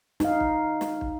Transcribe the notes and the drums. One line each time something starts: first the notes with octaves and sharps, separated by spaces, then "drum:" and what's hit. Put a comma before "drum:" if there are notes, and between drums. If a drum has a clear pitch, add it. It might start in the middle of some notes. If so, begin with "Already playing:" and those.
D#4 F5, drum: snare
drum: kick
drum: snare
drum: kick